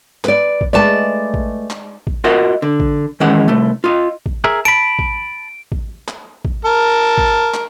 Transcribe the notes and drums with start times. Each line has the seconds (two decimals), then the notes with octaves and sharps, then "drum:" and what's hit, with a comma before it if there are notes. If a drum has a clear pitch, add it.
0.24 B4 D5, drum: clap
0.61 drum: kick
0.73 G#3 A3 B4 D5 A5
1.34 drum: kick
1.70 drum: clap
2.07 drum: kick
2.24 F4 F#4 A#4 D#5 E5 F#5
2.62 D3
2.80 drum: kick
3.20 D#3 E3 G#3 C#4 F#5
3.48 C2 A3
3.84 F4 D#5
4.26 drum: kick
4.44 G#4 A#4 E5
4.65 A5 B5 D7
4.99 drum: kick
5.72 drum: kick
6.08 drum: clap
6.45 drum: kick
6.65 A#4 A5
7.18 drum: kick
7.54 drum: clap